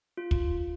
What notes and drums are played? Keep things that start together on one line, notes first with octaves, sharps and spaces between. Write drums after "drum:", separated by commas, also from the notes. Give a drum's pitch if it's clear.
F4
drum: kick